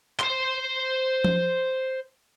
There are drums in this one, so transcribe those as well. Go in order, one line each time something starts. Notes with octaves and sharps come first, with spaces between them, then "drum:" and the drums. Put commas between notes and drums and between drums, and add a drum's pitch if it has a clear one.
C5 C6, drum: clap
drum: tom F3